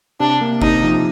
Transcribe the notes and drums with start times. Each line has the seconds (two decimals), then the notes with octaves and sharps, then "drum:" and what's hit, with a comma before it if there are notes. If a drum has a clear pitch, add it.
0.20 C3 D4
0.41 A#3
0.62 C3 D#4, drum: kick G1
0.83 F3